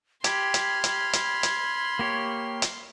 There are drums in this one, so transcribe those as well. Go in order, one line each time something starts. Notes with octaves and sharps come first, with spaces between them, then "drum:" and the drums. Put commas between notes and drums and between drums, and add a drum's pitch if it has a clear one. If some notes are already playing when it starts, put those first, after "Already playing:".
G4 B5 C6 F6 G#6, drum: hi-hat
drum: hi-hat
drum: hi-hat
drum: hi-hat
drum: hi-hat
A#3 G4 C#5
drum: hi-hat